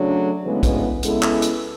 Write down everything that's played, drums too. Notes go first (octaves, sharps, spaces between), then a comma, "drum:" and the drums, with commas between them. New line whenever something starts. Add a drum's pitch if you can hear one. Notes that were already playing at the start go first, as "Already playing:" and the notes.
Already playing: C#3 F#3 A3 D4
D2 C#3 E3 G#3 B3
drum: kick, hi-hat
C#3 G#3 B3 E4 A4, drum: hi-hat
drum: clap
drum: hi-hat